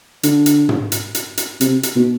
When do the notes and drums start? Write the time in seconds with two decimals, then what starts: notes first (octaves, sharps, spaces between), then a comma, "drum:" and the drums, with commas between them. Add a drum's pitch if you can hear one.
0.23 D3, drum: hi-hat
0.46 drum: hi-hat
0.69 drum: tom
0.92 drum: hi-hat
1.15 drum: hi-hat
1.37 drum: hi-hat
1.61 C3, drum: hi-hat
1.83 drum: hi-hat
1.95 B2